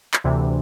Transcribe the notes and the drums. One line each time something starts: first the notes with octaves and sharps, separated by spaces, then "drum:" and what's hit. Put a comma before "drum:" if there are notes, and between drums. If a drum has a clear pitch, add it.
drum: clap
D2 C3 E3